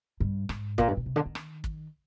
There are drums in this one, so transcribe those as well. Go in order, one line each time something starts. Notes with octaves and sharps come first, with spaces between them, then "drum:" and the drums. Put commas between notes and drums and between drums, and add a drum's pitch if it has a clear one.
G2
G#2, drum: rim click
A#2, drum: kick
G2
A#2
C3
D3
D#3
drum: rim click
drum: kick